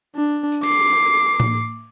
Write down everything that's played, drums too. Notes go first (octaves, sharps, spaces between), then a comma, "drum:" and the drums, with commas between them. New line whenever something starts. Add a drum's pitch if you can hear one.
D4
drum: tambourine
D6 C7, drum: cymbal
drum: tom A2